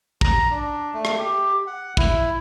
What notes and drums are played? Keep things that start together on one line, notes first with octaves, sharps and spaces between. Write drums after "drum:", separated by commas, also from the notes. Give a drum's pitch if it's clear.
A#5, drum: kick
D4
A3
drum: rim click
G4
F#5
E4, drum: kick